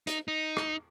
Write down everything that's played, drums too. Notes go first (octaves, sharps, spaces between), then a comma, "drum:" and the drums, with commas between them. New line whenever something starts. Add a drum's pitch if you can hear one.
D#4, drum: hi-hat
D#4
drum: rim click